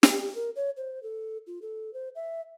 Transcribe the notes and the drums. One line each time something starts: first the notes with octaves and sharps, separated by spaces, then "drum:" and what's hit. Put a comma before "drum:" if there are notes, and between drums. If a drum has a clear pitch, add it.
G4, drum: snare
A#4
C#5
C5
A4
F4
A4
C5
E5